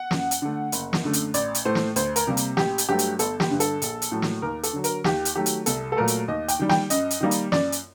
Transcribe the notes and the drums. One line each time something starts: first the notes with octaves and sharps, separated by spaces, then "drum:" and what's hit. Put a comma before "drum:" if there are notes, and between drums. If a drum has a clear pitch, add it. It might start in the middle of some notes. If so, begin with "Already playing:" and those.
Already playing: F#5
F#2, drum: snare
drum: hi-hat
D3 A3
F#1, drum: hi-hat
drum: snare
F#2 D3 A3
drum: hi-hat
A1 D5, drum: hi-hat
drum: hi-hat
A2 A3 C5
drum: snare
D2 C5, drum: hi-hat
A#4, drum: hi-hat
C3 G3 A#3
drum: hi-hat
A1 G4, drum: snare
drum: hi-hat
G2 F#3 A3 G4
drum: hi-hat
G1 A4, drum: hi-hat
G4, drum: snare
G2 D3
A4, drum: hi-hat
A#1, drum: hi-hat
drum: hi-hat
A2 F#3 A3
drum: snare
D#2 A#4
A4, drum: hi-hat
D3 F#3
A#4, drum: hi-hat
D#2 G4, drum: snare
drum: hi-hat
D#3 F#3 A3 G4
drum: hi-hat
C2 A4, drum: hi-hat
A4
A#2 F#3 A3 A#4
drum: hi-hat
D#2 D#5
G5, drum: hi-hat
D#3 G3
G5, drum: snare
F#2 D#5, drum: hi-hat
drum: hi-hat
D#3 G3 A#3
drum: hi-hat
F#2 D5, drum: snare
drum: hi-hat